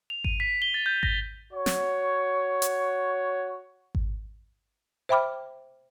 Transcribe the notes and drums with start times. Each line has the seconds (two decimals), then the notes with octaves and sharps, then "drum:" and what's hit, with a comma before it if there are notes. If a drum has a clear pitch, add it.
0.10 F7
0.24 D#7, drum: kick G#1
0.40 B6
0.62 G7
0.74 A6
0.86 G6
1.03 A#6, drum: kick G#1
1.53 F#4 C#5
1.66 drum: snare
2.62 drum: hi-hat
3.95 drum: kick G#1
5.09 C5 E5 G5 B5 D6 F6